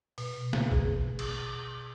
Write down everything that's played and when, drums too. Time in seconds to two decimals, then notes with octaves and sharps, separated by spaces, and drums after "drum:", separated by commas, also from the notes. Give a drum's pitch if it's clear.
0.18 B2, drum: open hi-hat
0.53 drum: snare
0.72 G#4, drum: kick
1.19 drum: cymbal